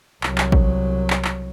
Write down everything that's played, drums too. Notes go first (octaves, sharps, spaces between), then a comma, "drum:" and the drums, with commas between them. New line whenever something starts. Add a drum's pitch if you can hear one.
C2 F#3, drum: clap
drum: clap
drum: kick A1
drum: clap
drum: clap